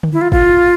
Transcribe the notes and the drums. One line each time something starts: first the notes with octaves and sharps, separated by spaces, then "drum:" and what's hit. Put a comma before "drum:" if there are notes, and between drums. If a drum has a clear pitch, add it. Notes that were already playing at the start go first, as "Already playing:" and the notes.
drum: tom D3
E4
F4
F4, drum: kick